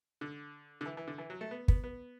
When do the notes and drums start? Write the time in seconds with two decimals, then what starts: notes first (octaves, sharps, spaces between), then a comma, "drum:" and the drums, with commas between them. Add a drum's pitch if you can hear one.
0.21 D3
0.81 D3
0.86 E3
0.97 E3
1.08 D3
1.18 E3
1.30 F#3
1.41 A3
1.51 B3
1.68 B3, drum: kick
1.84 B3